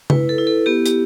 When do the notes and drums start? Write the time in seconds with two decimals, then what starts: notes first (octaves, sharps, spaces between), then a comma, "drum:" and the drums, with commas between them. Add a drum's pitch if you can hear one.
0.10 E4 B4, drum: tom C#3
0.29 A4
0.38 E4
0.47 A4
0.66 B3 G4
0.86 G4, drum: hi-hat